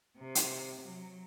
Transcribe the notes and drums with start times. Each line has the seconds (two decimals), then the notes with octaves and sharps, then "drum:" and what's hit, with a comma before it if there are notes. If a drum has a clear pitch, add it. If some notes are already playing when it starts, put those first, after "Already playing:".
0.17 C3
0.35 drum: hi-hat
0.82 F#3